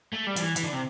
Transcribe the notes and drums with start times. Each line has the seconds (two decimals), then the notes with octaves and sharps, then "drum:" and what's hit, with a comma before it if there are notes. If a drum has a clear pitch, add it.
0.13 A3
0.26 G3
0.36 F3, drum: hi-hat
0.41 E3
0.56 E3, drum: hi-hat
0.64 D3
0.73 C3